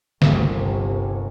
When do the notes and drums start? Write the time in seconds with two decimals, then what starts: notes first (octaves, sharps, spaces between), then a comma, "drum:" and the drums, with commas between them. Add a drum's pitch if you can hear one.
0.22 G1 C2, drum: snare D3